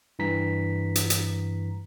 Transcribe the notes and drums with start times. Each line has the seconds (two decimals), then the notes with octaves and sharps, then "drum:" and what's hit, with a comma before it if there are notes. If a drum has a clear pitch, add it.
0.19 G2 E3 A#5 B6
0.95 drum: hi-hat
1.10 drum: hi-hat